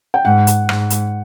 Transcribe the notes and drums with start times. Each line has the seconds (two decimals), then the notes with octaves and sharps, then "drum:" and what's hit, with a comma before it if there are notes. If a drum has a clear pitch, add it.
0.14 G5
0.25 G#2 F#5
0.47 drum: hi-hat
0.69 G#2, drum: rim click
0.90 drum: hi-hat